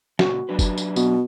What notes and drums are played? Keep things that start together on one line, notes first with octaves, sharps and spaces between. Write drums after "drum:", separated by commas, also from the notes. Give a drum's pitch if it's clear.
A#2 C#3 F#4, drum: snare
F#3 D4 B4
drum: kick, tambourine
drum: tambourine
B2, drum: tambourine